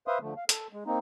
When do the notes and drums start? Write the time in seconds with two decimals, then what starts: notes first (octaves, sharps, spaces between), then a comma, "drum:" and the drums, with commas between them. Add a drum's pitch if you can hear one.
0.07 B4 C5 E5 F5 C6 D#6
0.21 D3 F3 A3
0.37 F5
0.49 A4, drum: hi-hat
0.73 G#3
0.86 A#3 C4 D#4